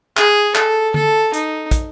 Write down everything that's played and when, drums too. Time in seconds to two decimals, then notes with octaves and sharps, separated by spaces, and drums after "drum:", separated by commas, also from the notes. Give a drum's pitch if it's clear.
0.17 G#4, drum: clap
0.55 A4, drum: clap
0.94 A4, drum: tom D3
1.33 D#4, drum: hi-hat
1.71 drum: kick, hi-hat